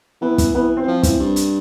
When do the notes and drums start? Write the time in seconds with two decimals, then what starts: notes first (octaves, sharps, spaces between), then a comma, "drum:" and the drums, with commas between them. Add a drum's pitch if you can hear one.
0.21 E3 B3
0.38 drum: kick, hi-hat
0.54 E3 B3
0.77 C4
0.83 E3
0.87 F3
1.03 E3, drum: kick, hi-hat
1.20 G2
1.36 drum: hi-hat